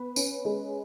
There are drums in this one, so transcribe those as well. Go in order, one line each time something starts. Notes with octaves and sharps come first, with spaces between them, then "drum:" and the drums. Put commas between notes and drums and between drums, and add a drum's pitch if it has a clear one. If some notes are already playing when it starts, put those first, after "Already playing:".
Already playing: B3 B4
C#4, drum: tambourine
G#3